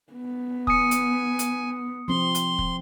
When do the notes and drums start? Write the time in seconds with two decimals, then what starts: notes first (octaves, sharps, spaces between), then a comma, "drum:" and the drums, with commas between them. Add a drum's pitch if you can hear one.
0.12 B3
0.67 G#5 D#6 C#7, drum: kick
0.91 drum: hi-hat
1.39 drum: hi-hat
2.08 F3 C4 C6
2.35 drum: hi-hat
2.59 drum: kick